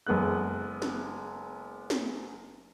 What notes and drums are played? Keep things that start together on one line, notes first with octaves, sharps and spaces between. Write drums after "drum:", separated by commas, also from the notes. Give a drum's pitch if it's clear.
F#1 G#3 B3 A4 F#6
drum: snare
drum: snare